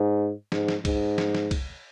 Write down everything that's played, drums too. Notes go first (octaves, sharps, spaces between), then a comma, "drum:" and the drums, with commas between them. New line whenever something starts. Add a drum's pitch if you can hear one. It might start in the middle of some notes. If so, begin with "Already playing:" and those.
Already playing: G#2
G#2, drum: snare
drum: snare
G#2, drum: kick, cymbal
drum: snare
drum: snare
drum: kick, cymbal